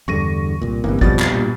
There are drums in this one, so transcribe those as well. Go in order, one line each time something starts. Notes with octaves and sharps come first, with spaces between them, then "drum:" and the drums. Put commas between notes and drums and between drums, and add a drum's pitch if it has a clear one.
E2 G2 D3 C#6 A#6 D#7
C2 A#2
G1 G2 C3 E3 A#3 B3
B1 F2 B2 F3 G3 A6, drum: kick
drum: clap
G2 A#2